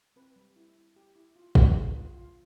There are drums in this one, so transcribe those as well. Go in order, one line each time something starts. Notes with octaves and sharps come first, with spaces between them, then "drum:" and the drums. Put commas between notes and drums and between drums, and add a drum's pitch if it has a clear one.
C4 B4
G3
E4
E4
G4
E4
F4
F4, drum: kick
B3
F4
F4